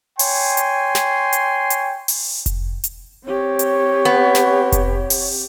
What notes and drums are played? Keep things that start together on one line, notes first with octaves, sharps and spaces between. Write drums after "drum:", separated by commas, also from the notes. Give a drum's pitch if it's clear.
C#5 G5 G#5 C6, drum: open hi-hat
drum: hi-hat
drum: snare
drum: hi-hat
drum: hi-hat
drum: open hi-hat
drum: kick F1, hi-hat
drum: hi-hat
C4 G4 C#5
drum: hi-hat
B3
drum: snare
drum: kick F1, hi-hat
drum: open hi-hat